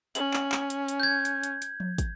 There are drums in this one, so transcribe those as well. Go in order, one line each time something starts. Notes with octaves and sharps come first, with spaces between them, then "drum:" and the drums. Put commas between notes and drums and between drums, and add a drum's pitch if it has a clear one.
C#4 F#7, drum: hi-hat
drum: clap
drum: clap
drum: hi-hat
drum: hi-hat
G6 G#6
drum: hi-hat
drum: hi-hat
drum: hi-hat
drum: tom F3
drum: kick, hi-hat